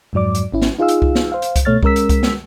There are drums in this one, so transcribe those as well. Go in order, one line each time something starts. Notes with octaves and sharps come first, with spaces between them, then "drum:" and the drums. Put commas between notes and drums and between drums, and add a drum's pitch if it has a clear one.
F2 G#2 F#3 D5 D6
drum: hi-hat
G#1 C#4 E4
drum: snare
D#4 F4 G#4 F5 E6
drum: hi-hat
drum: kick C2
drum: snare
C5 F5
drum: hi-hat
drum: kick C2, hi-hat
B2 A3 C#5 F6 A6
G#3 C#4 A#4 E6 B6, drum: kick C2
drum: hi-hat
drum: kick C2, hi-hat
drum: snare